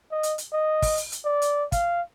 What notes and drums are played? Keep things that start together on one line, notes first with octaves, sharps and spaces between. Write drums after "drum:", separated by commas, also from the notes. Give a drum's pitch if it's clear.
D#5
drum: hi-hat
drum: hi-hat
D#5
drum: kick, open hi-hat
drum: hi-hat
drum: hi-hat
D5
drum: hi-hat
F5, drum: kick, hi-hat